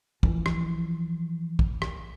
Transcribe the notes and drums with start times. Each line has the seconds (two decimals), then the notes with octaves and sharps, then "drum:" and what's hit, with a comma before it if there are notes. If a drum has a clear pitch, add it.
0.23 E3 F3, drum: kick
0.46 drum: rim click
1.59 drum: kick
1.82 drum: rim click